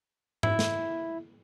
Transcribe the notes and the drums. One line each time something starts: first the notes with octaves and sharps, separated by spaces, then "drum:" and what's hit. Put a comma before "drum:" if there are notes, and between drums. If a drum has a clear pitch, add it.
E4, drum: tom G#2
drum: snare